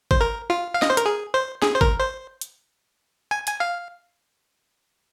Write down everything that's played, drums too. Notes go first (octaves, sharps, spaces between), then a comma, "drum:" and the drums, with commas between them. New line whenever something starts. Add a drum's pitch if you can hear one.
C5, drum: kick G#1
A#4
F4
F5
D#5, drum: snare
C5
A#4, drum: hi-hat
G#4
C5
G#4, drum: snare
C5
A#4, drum: kick G#1
C5
drum: hi-hat
G#5
G#5, drum: hi-hat
F5